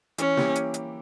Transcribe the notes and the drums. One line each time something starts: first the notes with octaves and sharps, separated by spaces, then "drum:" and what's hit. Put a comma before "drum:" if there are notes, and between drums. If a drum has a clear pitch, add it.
E3 C#4, drum: hi-hat
A#3 E4 G4, drum: snare
drum: hi-hat
drum: hi-hat